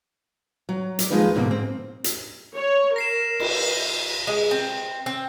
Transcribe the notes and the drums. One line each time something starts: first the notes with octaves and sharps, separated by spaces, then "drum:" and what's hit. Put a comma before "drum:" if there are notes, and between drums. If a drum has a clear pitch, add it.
F#3
D5, drum: hi-hat
D#2 F3 G#3 D#4 F4 B4
F2 G#2 B2 D3 A#3
C4
drum: hi-hat
C#5
A#4 A#6 C7 E7
drum: cymbal
G#3
C4
C4